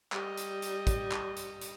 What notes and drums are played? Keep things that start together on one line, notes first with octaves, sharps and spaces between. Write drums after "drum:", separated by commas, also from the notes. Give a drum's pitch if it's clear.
G3 D#5, drum: clap
drum: hi-hat
drum: hi-hat
drum: kick, hi-hat
drum: clap
drum: hi-hat
drum: hi-hat